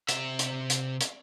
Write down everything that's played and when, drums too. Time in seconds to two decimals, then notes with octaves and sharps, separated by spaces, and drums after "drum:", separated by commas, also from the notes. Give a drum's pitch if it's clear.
0.08 C3 E5, drum: hi-hat
0.39 drum: hi-hat
0.70 drum: hi-hat
1.01 drum: hi-hat